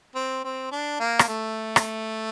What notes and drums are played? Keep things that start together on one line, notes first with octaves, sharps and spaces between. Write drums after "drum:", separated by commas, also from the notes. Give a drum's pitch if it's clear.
C4
C4
D4
A#3
drum: rim click
A3
drum: rim click